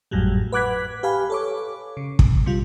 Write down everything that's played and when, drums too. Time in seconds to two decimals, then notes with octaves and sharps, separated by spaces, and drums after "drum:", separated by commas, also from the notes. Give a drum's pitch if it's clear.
0.11 G#1 F2 A2 F#3 G3
0.52 B4 F#5 D6 F#6 G#6 B6
1.03 G4 B4 F5 G#5 B5
1.30 A4 C#5 D6
1.97 C#3
2.19 drum: kick
2.46 C3 G3 F4